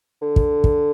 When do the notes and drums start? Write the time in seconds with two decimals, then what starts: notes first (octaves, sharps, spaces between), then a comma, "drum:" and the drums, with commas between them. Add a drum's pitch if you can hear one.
0.22 D3
0.36 drum: kick
0.64 drum: kick